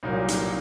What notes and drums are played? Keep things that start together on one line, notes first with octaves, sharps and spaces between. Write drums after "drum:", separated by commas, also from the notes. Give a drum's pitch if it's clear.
C2 A#2 F#3 A#3 D#4
D#4, drum: hi-hat